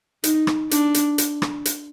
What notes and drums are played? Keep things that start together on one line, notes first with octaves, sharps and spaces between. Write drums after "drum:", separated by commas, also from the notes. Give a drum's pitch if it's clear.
D#4, drum: hi-hat
drum: rim click
D4, drum: hi-hat
drum: hi-hat
drum: hi-hat
drum: rim click
drum: hi-hat